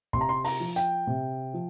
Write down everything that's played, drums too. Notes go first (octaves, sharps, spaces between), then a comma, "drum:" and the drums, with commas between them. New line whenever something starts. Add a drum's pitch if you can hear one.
C3 C6, drum: kick
A#5
C6
A#5, drum: open hi-hat
F3
G5, drum: hi-hat
C3
F3